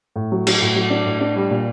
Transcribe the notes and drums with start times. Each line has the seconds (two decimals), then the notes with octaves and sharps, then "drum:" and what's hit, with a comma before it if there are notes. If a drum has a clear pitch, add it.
0.16 A2
0.32 F#3
0.47 F#3, drum: cymbal
0.61 A2
0.76 F#3
0.90 D4
1.06 A2
1.20 D4
1.36 G3
1.51 A#2